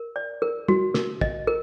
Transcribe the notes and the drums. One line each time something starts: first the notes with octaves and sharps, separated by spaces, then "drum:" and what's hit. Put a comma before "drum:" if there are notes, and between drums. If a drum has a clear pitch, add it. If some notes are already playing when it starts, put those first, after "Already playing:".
Already playing: A#4
D5
A#4
F#4, drum: tom
A#4, drum: snare
D#5, drum: kick
A#4